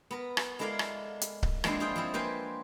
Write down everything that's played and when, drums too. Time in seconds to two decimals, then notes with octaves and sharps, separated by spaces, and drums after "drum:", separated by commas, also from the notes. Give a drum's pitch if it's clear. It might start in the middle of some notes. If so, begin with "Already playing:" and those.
0.11 B3 A#4
0.37 drum: rim click
0.59 G#3 E4 A4 A#4 D5 F5
0.79 drum: rim click
1.21 drum: hi-hat
1.43 drum: kick C#1
1.64 F3 G#3 A#3 C4 D4 E4, drum: rim click
1.80 F4 G#4 C5 G5
1.96 F3 C4 E4
2.14 A#3 F4 B4 C5 G5 G#5